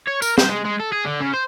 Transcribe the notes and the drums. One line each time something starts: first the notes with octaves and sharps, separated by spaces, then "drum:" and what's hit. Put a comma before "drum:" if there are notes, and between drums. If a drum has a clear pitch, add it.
C#5
A#4, drum: tambourine
C5, drum: snare
G#3
G#3
A4
G#4
D3
C#3
C5